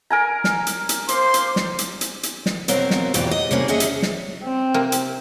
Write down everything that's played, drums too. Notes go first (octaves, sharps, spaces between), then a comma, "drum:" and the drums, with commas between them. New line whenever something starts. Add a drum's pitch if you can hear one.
A#4 G#5 A#5
drum: snare
drum: hi-hat
drum: hi-hat
A#3 C5 C6 D6, drum: hi-hat
drum: hi-hat
drum: snare
drum: hi-hat
drum: hi-hat
drum: hi-hat
drum: snare
B2 F#3 C4 A#4 C5 F5, drum: hi-hat
drum: snare
E2 G#2 B2 F4 G4 G5, drum: hi-hat
D#5
C3 F#3 G3 A#3 C#4 G#4
C#4 D4 G#4 C#5 D#5 E5
drum: hi-hat
drum: snare
C4
C3 A#3
drum: hi-hat